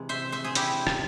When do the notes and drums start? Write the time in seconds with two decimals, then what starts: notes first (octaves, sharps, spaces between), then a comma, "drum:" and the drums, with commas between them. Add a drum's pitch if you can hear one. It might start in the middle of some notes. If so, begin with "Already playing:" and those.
Already playing: C3 E3 G#3
0.09 C5 E5
0.32 C5 E5
0.44 G#4
0.55 E4 G4, drum: hi-hat
0.87 drum: rim click